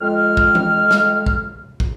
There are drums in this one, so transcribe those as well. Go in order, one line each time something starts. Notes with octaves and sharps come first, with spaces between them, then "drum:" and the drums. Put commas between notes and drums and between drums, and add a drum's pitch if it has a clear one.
F2 G#3 F6
drum: kick
drum: tom E3
drum: snare
drum: kick
drum: kick